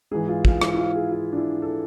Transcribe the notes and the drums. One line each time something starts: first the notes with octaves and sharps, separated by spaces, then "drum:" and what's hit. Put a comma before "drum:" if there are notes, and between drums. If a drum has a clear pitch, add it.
G#2 E3 G#4
F4
F4, drum: kick
E4, drum: rim click
E4
F4
G#4
F4
D4
E4
A4